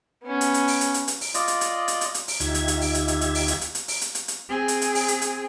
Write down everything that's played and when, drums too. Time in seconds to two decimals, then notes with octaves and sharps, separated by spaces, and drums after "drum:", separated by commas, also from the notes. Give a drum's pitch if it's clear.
0.24 B3 C#4
0.41 drum: hi-hat
0.54 drum: hi-hat
0.68 drum: open hi-hat
0.81 drum: hi-hat
0.94 drum: hi-hat
1.08 drum: hi-hat
1.21 drum: open hi-hat
1.34 F4 D5 D#5, drum: hi-hat
1.48 drum: hi-hat
1.61 drum: hi-hat
1.88 drum: hi-hat
2.01 drum: hi-hat
2.14 drum: hi-hat
2.28 drum: open hi-hat
2.40 D2 D#4 F4 G4 E5 G#6, drum: hi-hat
2.54 drum: hi-hat
2.68 drum: hi-hat
2.81 drum: open hi-hat
2.95 drum: hi-hat
3.08 drum: hi-hat
3.21 drum: hi-hat
3.35 drum: open hi-hat
3.48 drum: hi-hat
3.61 drum: hi-hat
3.75 drum: hi-hat
3.88 drum: open hi-hat
4.01 drum: hi-hat
4.15 drum: hi-hat
4.28 drum: hi-hat
4.49 C4 G#4
4.68 drum: hi-hat
4.82 drum: hi-hat
4.95 drum: open hi-hat
5.08 drum: hi-hat
5.22 drum: hi-hat